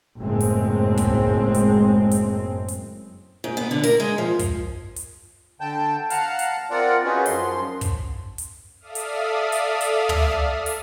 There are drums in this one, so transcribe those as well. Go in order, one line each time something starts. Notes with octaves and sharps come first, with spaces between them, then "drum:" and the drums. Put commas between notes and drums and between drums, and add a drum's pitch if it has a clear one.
F#1 A2 G#3 C4
drum: open hi-hat
drum: kick, hi-hat
drum: hi-hat
drum: hi-hat
drum: hi-hat
G#2
B3
D3
A#4, drum: open hi-hat
G#3
F3
drum: kick, hi-hat
drum: hi-hat
D3 G5 A5 G6
F5 F#5 A5 A#5 F6 F#6, drum: hi-hat
drum: hi-hat
C4 F4 A#4 D5 F#5
C#4 D#4 F4 F#4 G#4 B4
F#2 F3 C6, drum: open hi-hat
drum: kick, hi-hat
drum: hi-hat
A4 D5 E5 F5 D#6 F6
drum: hi-hat
drum: hi-hat
drum: hi-hat
drum: tom
drum: open hi-hat